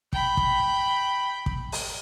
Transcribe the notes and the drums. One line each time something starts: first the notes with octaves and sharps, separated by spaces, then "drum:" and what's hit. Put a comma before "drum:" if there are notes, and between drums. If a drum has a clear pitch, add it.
G5 B5, drum: kick
drum: kick
drum: kick
drum: open hi-hat